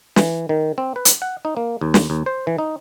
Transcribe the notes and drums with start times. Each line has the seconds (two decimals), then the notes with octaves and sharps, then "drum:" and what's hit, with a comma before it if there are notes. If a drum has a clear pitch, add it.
0.16 E3, drum: snare
0.49 D#3
0.78 C4
0.96 B4
1.05 drum: hi-hat
1.22 F#5
1.45 D#4
1.57 A#3
1.81 D#2
1.94 drum: snare
2.10 D#2
2.26 C5
2.47 E3
2.59 D#4